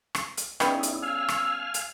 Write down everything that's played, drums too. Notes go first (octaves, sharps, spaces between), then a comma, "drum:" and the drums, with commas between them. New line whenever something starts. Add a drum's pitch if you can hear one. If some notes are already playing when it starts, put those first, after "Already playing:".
drum: rim click
drum: hi-hat
C#3 G3 B3 D#4 E4, drum: rim click
drum: hi-hat
F5 G#5 E6 F6
drum: rim click
drum: hi-hat